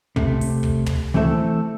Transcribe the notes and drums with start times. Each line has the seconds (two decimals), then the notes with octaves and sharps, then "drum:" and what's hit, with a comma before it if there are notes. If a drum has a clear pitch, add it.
0.16 C3 A3, drum: kick
0.41 drum: open hi-hat
0.63 drum: kick
0.86 drum: tom
1.14 E3 A3 C4 A4 E5